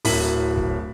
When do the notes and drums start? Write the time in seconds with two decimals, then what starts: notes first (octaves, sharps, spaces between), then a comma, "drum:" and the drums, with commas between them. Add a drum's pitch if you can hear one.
0.05 D1 F#3 E4 A#4 B6 F#7, drum: open hi-hat
0.57 drum: kick